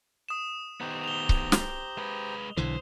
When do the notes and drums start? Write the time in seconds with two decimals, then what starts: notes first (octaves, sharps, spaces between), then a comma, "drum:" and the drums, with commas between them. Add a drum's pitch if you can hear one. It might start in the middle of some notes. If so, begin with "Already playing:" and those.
0.29 D#6 E7
0.81 D#3 B3 G4 C5 A#5
1.04 F7 G7
1.29 drum: kick C#1
1.52 drum: snare
1.98 G#3 B4
2.57 B1 D3 E3 C5